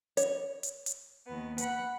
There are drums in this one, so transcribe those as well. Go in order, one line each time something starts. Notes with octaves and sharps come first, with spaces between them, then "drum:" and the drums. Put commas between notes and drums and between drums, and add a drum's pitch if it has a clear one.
C#5, drum: hi-hat
drum: hi-hat
drum: hi-hat
D#2 B3
F#5 B5, drum: hi-hat